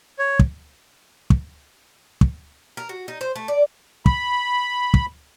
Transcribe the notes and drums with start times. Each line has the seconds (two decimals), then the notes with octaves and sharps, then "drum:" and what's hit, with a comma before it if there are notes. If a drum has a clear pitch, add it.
0.19 C#5
0.39 drum: kick
1.30 drum: kick
2.21 drum: kick
2.77 A#4
2.89 F#4
3.08 D#4
3.21 C5
3.36 A3
3.48 D5
4.06 B5, drum: kick
4.94 drum: kick